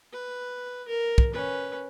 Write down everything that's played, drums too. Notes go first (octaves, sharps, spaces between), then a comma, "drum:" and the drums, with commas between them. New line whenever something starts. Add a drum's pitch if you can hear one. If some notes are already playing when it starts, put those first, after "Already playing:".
B4
A#4
drum: kick
C#4 B4